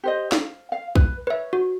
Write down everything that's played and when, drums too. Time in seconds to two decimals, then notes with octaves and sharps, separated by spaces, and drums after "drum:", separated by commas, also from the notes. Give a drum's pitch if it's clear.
0.04 G4 C5 D#5
0.32 F5, drum: snare
0.72 F5
0.95 B4, drum: kick
1.27 B4 C#5 E5
1.53 F#4